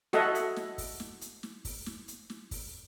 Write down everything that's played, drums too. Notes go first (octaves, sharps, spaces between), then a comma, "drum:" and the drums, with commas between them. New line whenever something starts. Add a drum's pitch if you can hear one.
F#4 A4 D#5 E5 F#5, drum: snare
drum: hi-hat
drum: snare
drum: kick, open hi-hat
drum: snare
drum: hi-hat
drum: snare
drum: kick, open hi-hat
drum: snare
drum: hi-hat
drum: snare
drum: kick, open hi-hat